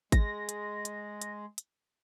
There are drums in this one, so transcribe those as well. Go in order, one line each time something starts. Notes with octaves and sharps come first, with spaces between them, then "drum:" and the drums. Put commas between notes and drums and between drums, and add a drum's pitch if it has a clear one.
G#3 A#6, drum: kick G#1, hi-hat
drum: hi-hat
drum: hi-hat
drum: hi-hat
drum: hi-hat